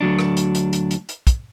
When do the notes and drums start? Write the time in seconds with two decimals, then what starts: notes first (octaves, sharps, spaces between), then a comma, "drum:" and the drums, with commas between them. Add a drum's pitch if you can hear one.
0.01 D2 F#3 D4
0.19 drum: rim click
0.37 drum: hi-hat
0.55 drum: hi-hat
0.73 drum: hi-hat
0.91 drum: hi-hat
1.09 drum: hi-hat
1.27 drum: kick, hi-hat